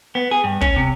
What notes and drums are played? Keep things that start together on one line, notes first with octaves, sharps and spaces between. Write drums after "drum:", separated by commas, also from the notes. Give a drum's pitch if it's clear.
B3
G#4
G2
C#4, drum: kick
C3